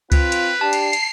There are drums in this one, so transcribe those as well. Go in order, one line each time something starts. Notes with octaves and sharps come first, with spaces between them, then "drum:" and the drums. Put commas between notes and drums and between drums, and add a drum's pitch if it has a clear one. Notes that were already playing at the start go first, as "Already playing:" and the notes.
C4 F4 B4, drum: kick C#2, cymbal
drum: cymbal
D4 G4 A5 C7
drum: cymbal
drum: cymbal